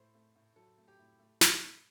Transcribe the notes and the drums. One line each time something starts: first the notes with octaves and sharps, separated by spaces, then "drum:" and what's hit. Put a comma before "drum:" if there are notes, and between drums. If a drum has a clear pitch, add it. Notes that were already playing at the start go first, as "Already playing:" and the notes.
Already playing: A2 C5
A3
A2
F#3 A4
A3
G4
A2
A3
A3, drum: snare
A3